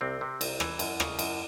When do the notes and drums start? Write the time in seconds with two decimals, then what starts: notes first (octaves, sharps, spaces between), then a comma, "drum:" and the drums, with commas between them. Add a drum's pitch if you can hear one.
0.01 C2 C3 C4
0.21 C3
0.41 C2, drum: cymbal
0.60 E3, drum: rim click
0.79 F#2, drum: cymbal
1.00 C#3, drum: rim click
1.19 F#2, drum: cymbal